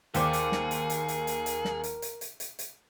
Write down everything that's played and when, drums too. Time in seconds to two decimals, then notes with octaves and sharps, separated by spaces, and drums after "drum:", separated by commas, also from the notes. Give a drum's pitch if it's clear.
0.14 D#2 G4 G#4 A#4 C5 D5, drum: hi-hat
0.33 drum: hi-hat
0.52 drum: snare
0.71 drum: hi-hat
0.90 drum: hi-hat
1.08 drum: hi-hat
1.27 drum: hi-hat
1.46 drum: hi-hat
1.65 drum: snare
1.84 drum: hi-hat
2.02 drum: hi-hat
2.21 drum: hi-hat
2.40 drum: hi-hat
2.59 drum: hi-hat